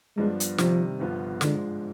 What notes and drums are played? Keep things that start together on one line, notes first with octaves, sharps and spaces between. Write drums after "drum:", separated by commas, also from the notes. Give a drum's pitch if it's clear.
G2 F3 G#3 B3 D4
drum: hi-hat
C3 D#3 F3 G3, drum: snare
G1 G2 F3 B3 F4
G#2 D3 F3 G#3 D4, drum: snare